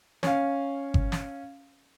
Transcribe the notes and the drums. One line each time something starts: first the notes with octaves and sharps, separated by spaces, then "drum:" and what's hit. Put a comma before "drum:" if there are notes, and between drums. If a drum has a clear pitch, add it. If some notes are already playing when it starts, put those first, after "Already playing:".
C#4 F5, drum: snare
drum: kick G1
drum: snare